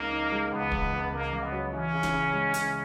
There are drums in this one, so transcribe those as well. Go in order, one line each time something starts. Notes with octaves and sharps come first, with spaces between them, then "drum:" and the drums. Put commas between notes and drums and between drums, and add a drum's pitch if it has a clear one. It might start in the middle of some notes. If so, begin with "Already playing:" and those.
Already playing: C#2 C#3 A#3 D#4
D#4
G#3
C#2 B3
C#2, drum: kick
C#2
C#2 A#3
C#2
B3
F#3
E3 C#4
C#3
drum: snare
C#3
G#3
C#3, drum: hi-hat